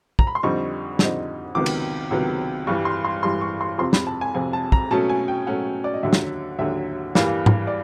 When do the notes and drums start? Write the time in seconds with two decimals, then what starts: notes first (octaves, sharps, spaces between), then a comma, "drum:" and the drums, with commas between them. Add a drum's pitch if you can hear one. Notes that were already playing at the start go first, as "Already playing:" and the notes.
0.19 A#5, drum: kick
0.27 B5
0.35 C6
0.43 F2 D3 G3 C4 D#4 C#6
0.99 F2 D3 G3 C4 D#4, drum: snare
1.55 C#2 C3 D#3 F#3 B3 D6
1.66 drum: cymbal
2.11 C#2 C3 D#3 F#3 B3
2.67 G2 E3 G3 C#6
2.85 C6
3.05 C6
3.23 G2 E3 G3 C6
3.41 C#6
3.61 C6
3.78 F2 C3 F3 C6
3.93 B5, drum: snare
4.07 A5
4.21 G#5
4.34 F2 C3 F3 G#5
4.53 A5
4.72 A#5, drum: kick
4.91 B2 F#3 A3 C#4 A5
5.09 G#5
5.28 G5
5.47 B2 F#3 A3 C#4 F#5
5.84 D5
5.94 D#5
6.03 D#2 D3 F#3 E5
6.13 drum: snare
6.59 D#2 D3 F#3 E5
7.15 G2 E3 G3 A#3, drum: snare
7.46 drum: tom G#2
7.67 D5